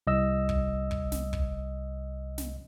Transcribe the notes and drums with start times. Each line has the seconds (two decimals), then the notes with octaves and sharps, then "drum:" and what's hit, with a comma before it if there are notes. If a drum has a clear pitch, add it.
0.07 C2 D#5 E6
0.49 drum: kick
0.91 drum: kick
1.12 drum: snare
1.33 drum: kick
2.38 drum: snare